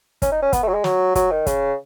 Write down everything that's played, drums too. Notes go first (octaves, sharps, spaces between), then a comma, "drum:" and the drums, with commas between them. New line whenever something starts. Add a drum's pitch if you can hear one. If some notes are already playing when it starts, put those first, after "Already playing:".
C#4, drum: kick, hi-hat
D#4
C#4
B3, drum: kick, hi-hat
A3
F#3
G#3
F#3, drum: snare
F#3, drum: kick, hi-hat
D#3
C#3, drum: kick, hi-hat